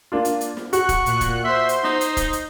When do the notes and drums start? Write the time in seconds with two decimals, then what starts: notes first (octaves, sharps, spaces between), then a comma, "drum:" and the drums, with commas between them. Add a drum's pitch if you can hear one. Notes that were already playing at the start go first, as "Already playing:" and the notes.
0.12 A#3 D4 F4
0.25 drum: hi-hat
0.41 drum: hi-hat
0.57 drum: snare
0.73 F#4 C#6 F#6, drum: hi-hat
0.89 drum: kick, hi-hat
1.06 A#2 F#6, drum: hi-hat
1.21 drum: kick, hi-hat
1.44 C5 E5 C6
1.69 drum: hi-hat
1.84 D#4, drum: snare
2.01 drum: hi-hat
2.17 drum: kick, hi-hat
2.33 drum: hi-hat